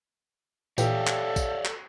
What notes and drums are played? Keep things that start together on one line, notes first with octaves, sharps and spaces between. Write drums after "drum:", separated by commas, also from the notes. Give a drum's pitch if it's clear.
A#2 E3 G4 A4 C#5 D5 F5, drum: tambourine
drum: clap
drum: kick A#1, tambourine
drum: clap